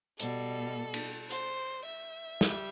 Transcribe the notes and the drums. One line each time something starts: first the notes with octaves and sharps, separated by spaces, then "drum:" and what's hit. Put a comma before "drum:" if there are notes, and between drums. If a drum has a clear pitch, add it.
B2 G3 A4, drum: hi-hat
drum: cymbal
C5, drum: hi-hat
E5
G3, drum: snare